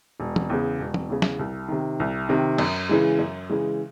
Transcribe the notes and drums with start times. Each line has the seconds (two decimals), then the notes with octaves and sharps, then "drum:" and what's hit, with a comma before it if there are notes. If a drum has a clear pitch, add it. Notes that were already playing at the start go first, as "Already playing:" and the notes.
0.20 E1
0.36 drum: tom
0.50 E2 C#3
0.80 E1
0.94 drum: tom
1.10 E2 C#3
1.22 drum: snare
1.39 C2
1.69 C3 D#3
2.00 C2
2.29 C3 D#3
2.58 F#2, drum: cymbal
2.89 C#3 E3 G#3
3.19 F#2
3.50 C#3 E3 G#3